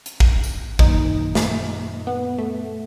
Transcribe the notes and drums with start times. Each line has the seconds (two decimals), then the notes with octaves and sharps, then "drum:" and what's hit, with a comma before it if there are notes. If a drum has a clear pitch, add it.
0.06 drum: hi-hat
0.20 drum: kick
0.44 drum: tambourine
0.79 F#2 A#2 D#3 D#4, drum: kick
1.35 drum: snare
2.07 B3
2.38 A3